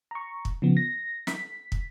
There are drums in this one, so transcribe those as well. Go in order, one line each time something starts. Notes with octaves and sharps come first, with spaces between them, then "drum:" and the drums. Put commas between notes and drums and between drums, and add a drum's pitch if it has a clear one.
A#5 C#6
drum: kick
C#3 F3 B3
A#6
B6, drum: snare
drum: kick